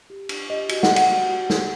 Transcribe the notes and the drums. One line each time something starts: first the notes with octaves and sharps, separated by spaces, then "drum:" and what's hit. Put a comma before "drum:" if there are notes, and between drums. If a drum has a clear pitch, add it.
G4
D4, drum: cymbal
G4 D#5
F#4, drum: cymbal
F#5, drum: snare
D5
F#5, drum: cymbal
F#4
F#4
G4, drum: snare